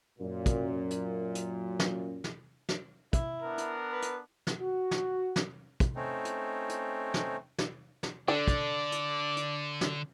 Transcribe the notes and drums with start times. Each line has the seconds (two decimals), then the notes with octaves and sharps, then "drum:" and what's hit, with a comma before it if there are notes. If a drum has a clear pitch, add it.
0.19 F#2 A#2
0.46 drum: kick, hi-hat
0.90 drum: hi-hat
1.35 drum: hi-hat
1.80 drum: snare
2.24 drum: snare
2.69 drum: snare
3.13 E4, drum: kick, hi-hat
3.42 B3 D4 A#4
3.58 drum: hi-hat
3.92 B4
4.02 drum: hi-hat
4.47 drum: snare
4.61 F#4
4.91 drum: snare
5.36 drum: snare
5.80 drum: kick, hi-hat
5.96 A3 C4 C#4 D#4
6.25 drum: hi-hat
6.69 drum: hi-hat
7.14 drum: snare
7.58 drum: snare
8.03 drum: snare
8.28 D3 D4 A4 D5
8.48 drum: kick, hi-hat
8.92 drum: hi-hat
9.37 drum: hi-hat
9.81 drum: snare